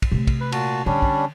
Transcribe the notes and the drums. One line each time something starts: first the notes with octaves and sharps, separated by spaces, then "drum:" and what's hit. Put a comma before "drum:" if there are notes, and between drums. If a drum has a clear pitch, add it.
drum: kick, cymbal
C3 A3
drum: kick, cymbal
B4
A#2 F#4 A5, drum: cymbal
D3 G3 C#4 D4
drum: kick